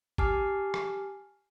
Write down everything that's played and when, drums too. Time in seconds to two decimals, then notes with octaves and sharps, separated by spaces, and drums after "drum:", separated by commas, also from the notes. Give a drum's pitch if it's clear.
0.18 G4 G#5 A5 D6 F6 C7, drum: kick
0.74 drum: rim click